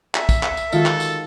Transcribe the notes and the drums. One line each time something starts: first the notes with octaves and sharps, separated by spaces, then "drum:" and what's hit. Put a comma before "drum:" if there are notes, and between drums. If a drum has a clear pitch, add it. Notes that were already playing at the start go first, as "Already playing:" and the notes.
E5, drum: clap
drum: kick, tambourine
drum: clap
drum: tambourine
D#3 G#3 F4 F#4 A4 F5, drum: tambourine
drum: clap
drum: tambourine